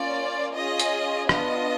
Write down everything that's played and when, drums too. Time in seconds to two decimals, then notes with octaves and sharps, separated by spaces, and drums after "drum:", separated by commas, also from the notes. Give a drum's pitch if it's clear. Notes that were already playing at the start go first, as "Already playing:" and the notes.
Already playing: A#3 C#4 F4 D5
0.54 C#4 F4 G#4 D#5
0.80 drum: hi-hat
1.29 B3 D4 F4 D#5, drum: rim click